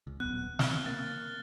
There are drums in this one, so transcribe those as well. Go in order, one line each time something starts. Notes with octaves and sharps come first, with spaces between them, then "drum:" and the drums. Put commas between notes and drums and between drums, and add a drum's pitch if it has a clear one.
C#2
D#1 B1 B3 F#6
C4 F6 G7, drum: snare
A#3 A6